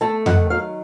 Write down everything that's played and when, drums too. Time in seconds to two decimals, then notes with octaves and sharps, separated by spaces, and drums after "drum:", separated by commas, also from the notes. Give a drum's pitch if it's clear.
0.01 A3 A5
0.26 D#3 F#5, drum: tom F2
0.50 F#3 F5